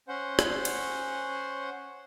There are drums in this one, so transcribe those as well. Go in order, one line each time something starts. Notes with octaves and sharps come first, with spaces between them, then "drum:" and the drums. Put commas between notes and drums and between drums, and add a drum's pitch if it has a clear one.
C#4 C5 F#5
drum: rim click
drum: cymbal